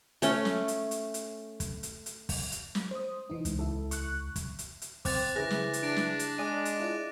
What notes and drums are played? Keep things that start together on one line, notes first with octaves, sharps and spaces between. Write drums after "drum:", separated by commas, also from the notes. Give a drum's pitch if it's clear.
A3 C#4, drum: hi-hat
drum: snare
drum: hi-hat
drum: hi-hat
drum: hi-hat
drum: kick, hi-hat
drum: hi-hat
drum: hi-hat
drum: kick, open hi-hat
drum: hi-hat
drum: snare
C5 D#6
E3 D#4
C#2, drum: hi-hat
E4 A4
C#6 F#6, drum: hi-hat
drum: kick, hi-hat
drum: hi-hat
drum: hi-hat
C4 D6 F#6 A6, drum: kick, open hi-hat
C#3 E3 G#4 F#6 A#6
drum: snare
drum: hi-hat
D4 A6 D7
drum: snare
drum: hi-hat
G#3 D5 D#5 G#5 D6 D#7
drum: hi-hat
E4 F4 D5